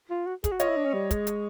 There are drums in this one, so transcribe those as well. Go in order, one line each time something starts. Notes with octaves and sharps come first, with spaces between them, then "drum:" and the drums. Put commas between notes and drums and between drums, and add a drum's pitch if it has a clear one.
F4
F#4
G#4, drum: kick, hi-hat
F#4
F4 C#5 D#5, drum: hi-hat
E4
D4
C#4
G3
G#3, drum: kick, hi-hat
drum: hi-hat